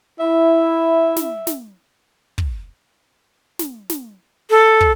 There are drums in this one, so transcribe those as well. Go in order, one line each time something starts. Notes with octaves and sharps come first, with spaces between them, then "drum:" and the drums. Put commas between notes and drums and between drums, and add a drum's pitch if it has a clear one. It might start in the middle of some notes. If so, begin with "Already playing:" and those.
E4 E5
drum: snare
drum: snare
drum: kick
drum: snare
drum: snare
A4
drum: kick